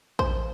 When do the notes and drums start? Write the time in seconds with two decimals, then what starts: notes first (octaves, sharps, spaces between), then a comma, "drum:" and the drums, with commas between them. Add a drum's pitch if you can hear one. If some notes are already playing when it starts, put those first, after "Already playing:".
0.19 C5, drum: kick